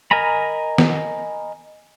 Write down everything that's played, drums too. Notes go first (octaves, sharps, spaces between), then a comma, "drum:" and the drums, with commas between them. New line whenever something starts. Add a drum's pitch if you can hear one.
A#4 D#5 G#5 A#5 B5
drum: snare